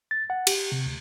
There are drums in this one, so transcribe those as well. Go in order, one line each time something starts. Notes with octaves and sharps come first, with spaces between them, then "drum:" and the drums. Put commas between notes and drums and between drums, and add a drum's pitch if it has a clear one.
A6
F#5
G4, drum: cymbal
C3
D2